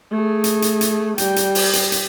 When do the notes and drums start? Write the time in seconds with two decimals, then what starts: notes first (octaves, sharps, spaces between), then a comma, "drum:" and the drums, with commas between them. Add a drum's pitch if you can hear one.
0.11 A3 G#4
0.44 drum: hi-hat
0.62 drum: hi-hat
0.81 drum: hi-hat
1.18 G3 G5, drum: hi-hat
1.36 drum: hi-hat
1.55 drum: open hi-hat
1.73 drum: hi-hat
1.92 drum: hi-hat